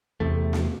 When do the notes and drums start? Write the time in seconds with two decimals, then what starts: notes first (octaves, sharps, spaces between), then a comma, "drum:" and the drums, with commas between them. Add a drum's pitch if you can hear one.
0.20 E2 C3 A3
0.53 drum: snare